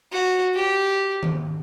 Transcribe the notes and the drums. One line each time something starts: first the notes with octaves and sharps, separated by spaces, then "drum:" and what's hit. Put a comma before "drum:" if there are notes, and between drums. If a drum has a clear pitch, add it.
F#4
G4
drum: tom D#3